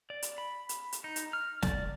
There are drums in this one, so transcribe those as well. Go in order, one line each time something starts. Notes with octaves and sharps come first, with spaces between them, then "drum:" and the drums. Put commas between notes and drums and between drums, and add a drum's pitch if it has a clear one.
D5
drum: hi-hat
B5
drum: hi-hat
drum: hi-hat
D#4
drum: hi-hat
F6
D5, drum: snare